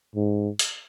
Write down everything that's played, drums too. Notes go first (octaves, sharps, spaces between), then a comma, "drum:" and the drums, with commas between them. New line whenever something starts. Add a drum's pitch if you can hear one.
G#2
drum: hi-hat